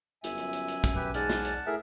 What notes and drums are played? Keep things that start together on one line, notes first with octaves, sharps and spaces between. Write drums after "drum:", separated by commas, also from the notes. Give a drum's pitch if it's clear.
G1 F#2 E5 G#5, drum: hi-hat
drum: hi-hat
drum: hi-hat
drum: hi-hat
drum: kick, hi-hat
B1 E2 G4 B4
G#2 D5 F#5 G#5 A5 F6, drum: hi-hat
drum: snare
drum: hi-hat
A2 G#4 A#4 E5